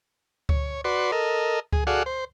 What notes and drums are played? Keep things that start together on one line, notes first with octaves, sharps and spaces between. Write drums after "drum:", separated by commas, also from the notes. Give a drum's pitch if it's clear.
C#5, drum: kick C#2
F#4 B4 D5 C6
A4 A#4 D#5
G#4, drum: kick C#2
F#4 G#4 A4 D5 F5 F#5
C5